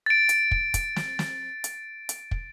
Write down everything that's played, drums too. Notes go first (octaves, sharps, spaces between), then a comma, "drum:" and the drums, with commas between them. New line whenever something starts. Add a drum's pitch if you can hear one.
A6 D7
drum: hi-hat
drum: kick
drum: kick, hi-hat
drum: snare
drum: snare
drum: hi-hat
drum: hi-hat
drum: kick